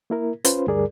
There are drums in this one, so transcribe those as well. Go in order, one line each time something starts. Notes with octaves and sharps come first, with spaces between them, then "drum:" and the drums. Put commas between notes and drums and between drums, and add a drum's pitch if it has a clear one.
A#3 E4 A#4
C#4 F4 B4 C5, drum: hi-hat
D2 G2 G3 G#4 A#4 D5